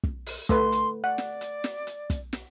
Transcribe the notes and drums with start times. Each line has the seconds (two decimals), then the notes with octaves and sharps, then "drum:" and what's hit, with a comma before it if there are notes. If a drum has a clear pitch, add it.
0.03 drum: kick
0.26 drum: open hi-hat
0.49 A3 B4 C6, drum: kick, hi-hat
0.72 drum: hi-hat
1.04 D5 F#5
1.18 drum: snare
1.41 drum: hi-hat
1.64 drum: snare
1.87 drum: hi-hat
2.10 drum: kick, hi-hat
2.33 drum: snare